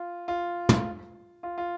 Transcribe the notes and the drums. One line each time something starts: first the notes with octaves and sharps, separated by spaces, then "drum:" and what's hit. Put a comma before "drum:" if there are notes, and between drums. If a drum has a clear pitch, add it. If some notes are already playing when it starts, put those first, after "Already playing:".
Already playing: F4
F4
drum: tom
F4
F4